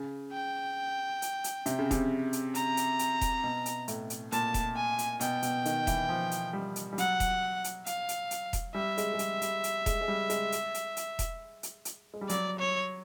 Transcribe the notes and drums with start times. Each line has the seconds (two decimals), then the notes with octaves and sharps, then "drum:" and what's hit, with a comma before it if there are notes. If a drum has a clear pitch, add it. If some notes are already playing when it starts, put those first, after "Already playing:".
Already playing: C#3
0.33 G5
1.22 drum: hi-hat
1.44 drum: hi-hat
1.66 C3, drum: hi-hat
1.79 C#3
1.91 C3, drum: kick E1, hi-hat
2.33 drum: hi-hat
2.55 A#5, drum: hi-hat
2.77 drum: hi-hat
2.99 drum: hi-hat
3.21 drum: kick E1, hi-hat
3.44 B2
3.66 drum: hi-hat
3.88 A2, drum: hi-hat
4.10 drum: hi-hat
4.32 A#2 A5, drum: hi-hat
4.54 drum: kick E1, hi-hat
4.77 G#5
4.99 drum: hi-hat
5.20 B2 G5, drum: hi-hat
5.42 B2, drum: hi-hat
5.65 D#3, drum: hi-hat
5.87 E3, drum: kick E1, hi-hat
6.09 F3
6.31 drum: hi-hat
6.53 G3
6.76 drum: hi-hat
6.93 G3
6.98 F#3 F#5, drum: hi-hat
7.20 drum: kick E1, hi-hat
7.64 drum: hi-hat
7.86 F5, drum: hi-hat
8.09 drum: hi-hat
8.31 drum: hi-hat
8.53 drum: kick E1, hi-hat
8.74 G3 E5
8.98 G#3, drum: hi-hat
9.14 G#3
9.19 G3, drum: hi-hat
9.42 G3, drum: hi-hat
9.64 drum: hi-hat
9.86 G#3, drum: kick E1, hi-hat
10.01 G#3
10.08 G3
10.30 G#3, drum: hi-hat
10.52 drum: hi-hat
10.74 drum: hi-hat
10.97 drum: hi-hat
11.19 drum: kick E1, hi-hat
11.63 drum: hi-hat
11.85 drum: hi-hat
12.14 G#3
12.21 G3
12.29 F#3 D5, drum: hi-hat
12.59 C#5